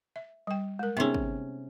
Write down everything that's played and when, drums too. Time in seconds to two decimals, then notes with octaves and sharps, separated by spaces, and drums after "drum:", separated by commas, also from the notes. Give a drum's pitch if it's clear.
0.16 E5
0.47 G3 G5
0.79 G#3 A#4
0.97 C3 B3 C#4 D#4 G#4
1.14 drum: kick